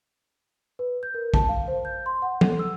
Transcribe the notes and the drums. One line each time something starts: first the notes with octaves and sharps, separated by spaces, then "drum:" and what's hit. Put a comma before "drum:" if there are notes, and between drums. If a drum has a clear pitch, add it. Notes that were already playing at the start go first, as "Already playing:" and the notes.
B4
G6
A#4
A5, drum: kick
F5
C5
G6
C6
F#5
A4, drum: tom
E6